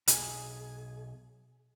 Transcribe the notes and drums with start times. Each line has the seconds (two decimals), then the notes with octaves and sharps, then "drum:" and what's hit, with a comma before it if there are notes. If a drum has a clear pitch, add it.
0.08 B1 G#4, drum: hi-hat